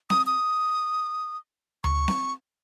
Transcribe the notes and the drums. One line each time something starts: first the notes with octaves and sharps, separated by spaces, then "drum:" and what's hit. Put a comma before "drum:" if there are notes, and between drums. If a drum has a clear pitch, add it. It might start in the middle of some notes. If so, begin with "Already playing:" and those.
D#6, drum: snare C4
D#6
C#6, drum: tom D2
drum: snare C4